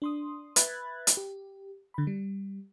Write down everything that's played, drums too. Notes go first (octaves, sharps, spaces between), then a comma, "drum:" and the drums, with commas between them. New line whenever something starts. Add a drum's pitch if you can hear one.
D4 C6 D#6
B4 E5 B5 F#6 G#6 A6, drum: hi-hat
drum: hi-hat
G4
D3 B5
G3